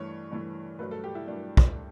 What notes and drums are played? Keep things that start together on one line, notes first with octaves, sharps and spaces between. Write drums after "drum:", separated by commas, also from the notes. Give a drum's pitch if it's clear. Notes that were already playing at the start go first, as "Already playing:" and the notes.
Already playing: G2 E3 A3 C#5
G2 E3 A3
G2 F#3 A3 B4
A4
G4
E4
G2 F#3 A3 D4
drum: kick